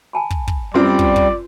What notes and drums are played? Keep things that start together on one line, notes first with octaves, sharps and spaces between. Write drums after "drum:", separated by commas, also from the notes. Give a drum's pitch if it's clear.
G#5 A5 B5
drum: kick
drum: kick
F#2 G3 C4 F4 B4 D5 C6
drum: kick
drum: kick